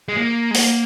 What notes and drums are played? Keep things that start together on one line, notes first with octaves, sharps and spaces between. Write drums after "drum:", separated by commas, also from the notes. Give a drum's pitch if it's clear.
G#3
A#3
G#3
A#3, drum: open hi-hat